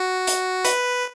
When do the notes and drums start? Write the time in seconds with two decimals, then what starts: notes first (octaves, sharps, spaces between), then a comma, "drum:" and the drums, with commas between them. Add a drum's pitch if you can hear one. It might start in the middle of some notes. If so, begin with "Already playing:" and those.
Already playing: F#4
0.27 drum: hi-hat
0.65 B4, drum: hi-hat